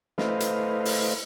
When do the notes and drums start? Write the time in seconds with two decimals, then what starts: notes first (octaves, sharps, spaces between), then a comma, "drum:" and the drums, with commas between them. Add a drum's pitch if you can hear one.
0.18 A3 E4 B4 C5 D#5 F5, drum: snare
0.40 drum: hi-hat
0.85 drum: open hi-hat